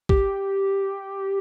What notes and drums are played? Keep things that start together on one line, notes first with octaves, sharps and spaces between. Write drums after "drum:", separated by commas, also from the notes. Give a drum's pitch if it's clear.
G4, drum: kick